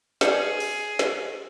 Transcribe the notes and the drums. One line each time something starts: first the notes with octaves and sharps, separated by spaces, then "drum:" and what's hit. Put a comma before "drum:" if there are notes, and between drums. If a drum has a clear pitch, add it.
G#4 B4 D5 C#7, drum: snare
drum: open hi-hat
drum: snare